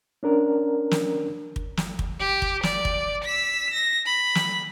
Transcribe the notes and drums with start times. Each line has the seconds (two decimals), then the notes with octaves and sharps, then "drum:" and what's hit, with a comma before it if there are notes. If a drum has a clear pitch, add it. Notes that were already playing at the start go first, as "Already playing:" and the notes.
0.23 C#4 D4 A#4
0.91 drum: snare
1.56 drum: kick
1.77 drum: snare
1.99 drum: kick
2.20 G4
2.42 drum: kick
2.63 D5, drum: snare
2.85 drum: kick
3.24 E6 B6
3.74 A#6
4.05 B5
4.35 drum: snare